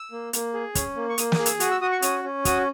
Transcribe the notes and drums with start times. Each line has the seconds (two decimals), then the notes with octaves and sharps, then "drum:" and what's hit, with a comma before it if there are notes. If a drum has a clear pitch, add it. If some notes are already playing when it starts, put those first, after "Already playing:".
Already playing: E6
0.12 A#3
0.33 A#3, drum: hi-hat
0.54 G#4
0.75 C#4, drum: kick, hi-hat
0.96 A#3
1.10 C#6
1.18 A#3 D#6, drum: hi-hat
1.32 D#6, drum: snare
1.39 G#4
1.46 E6, drum: hi-hat
1.60 F#4 D#6, drum: hi-hat
1.71 E6
1.81 F#4 D#6
1.92 C#6
2.02 C#4 D#6, drum: hi-hat
2.24 C#4
2.45 F#4 D#6, drum: kick, hi-hat